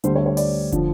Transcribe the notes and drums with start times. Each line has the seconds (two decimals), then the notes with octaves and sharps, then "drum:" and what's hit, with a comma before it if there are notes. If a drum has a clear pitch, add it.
0.04 D2 D3 G3 C5, drum: hi-hat
0.15 C#5
0.26 C#5
0.37 D5, drum: open hi-hat
0.72 D3 F3, drum: kick, hi-hat